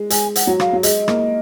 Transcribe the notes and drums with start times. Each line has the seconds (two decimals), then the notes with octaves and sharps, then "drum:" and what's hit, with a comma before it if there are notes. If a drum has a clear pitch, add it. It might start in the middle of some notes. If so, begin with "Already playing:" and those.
Already playing: G#3
0.10 G#3 G#5, drum: hi-hat
0.36 F#5, drum: hi-hat
0.47 F#3
0.60 F5, drum: rim click
0.73 F#3
0.83 G#3 D#5, drum: hi-hat
1.08 A#3, drum: rim click